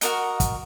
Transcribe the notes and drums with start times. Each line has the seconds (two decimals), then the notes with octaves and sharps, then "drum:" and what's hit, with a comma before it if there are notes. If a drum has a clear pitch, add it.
0.01 F#4 A#4 D#5 F#5, drum: hi-hat
0.40 drum: kick, hi-hat